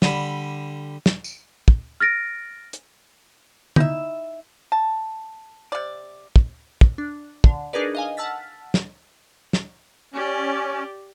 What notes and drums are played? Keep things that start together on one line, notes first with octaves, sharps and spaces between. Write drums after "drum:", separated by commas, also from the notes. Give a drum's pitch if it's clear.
D3 G3 B5, drum: snare
drum: snare
drum: tambourine
drum: kick
F6 A6 A#6 D7
drum: hi-hat
D#4 E4 E5, drum: tom
A5
C3 D5
drum: kick
drum: kick
D4
D3, drum: kick
D4 D#4 G#4 A#4 B4 D5
D#5 F5 G#5
F#5 A5 E6 F6 A6 B6
drum: snare
drum: snare
C#4 G4 D5